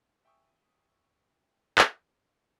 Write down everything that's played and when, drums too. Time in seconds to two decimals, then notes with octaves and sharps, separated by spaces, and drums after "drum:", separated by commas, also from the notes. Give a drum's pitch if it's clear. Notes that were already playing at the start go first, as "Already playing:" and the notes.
0.25 E5 G5 G#5 C#6 D#6 E6
1.78 drum: clap